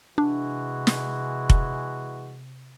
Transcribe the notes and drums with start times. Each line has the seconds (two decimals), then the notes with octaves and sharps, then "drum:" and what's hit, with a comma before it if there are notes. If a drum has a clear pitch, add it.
0.18 C3 E3 G#3 D4 F#4
0.87 drum: snare
1.50 drum: kick F1